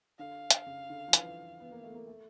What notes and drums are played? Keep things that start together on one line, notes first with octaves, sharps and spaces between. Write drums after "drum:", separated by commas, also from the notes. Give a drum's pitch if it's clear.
D3 F5
drum: hi-hat
C#3
D3
F3
E3, drum: hi-hat
B3
A#3
A3
A#3
A3